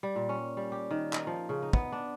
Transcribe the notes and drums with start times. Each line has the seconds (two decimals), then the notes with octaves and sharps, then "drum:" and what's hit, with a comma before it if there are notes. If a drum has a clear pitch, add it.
0.03 G3
0.16 A#2
0.29 C#4
0.57 G3
0.72 G4
0.91 D#3
1.13 D#4, drum: clap
1.27 F3
1.49 C#3
1.62 D#4
1.73 B3, drum: kick
1.92 D4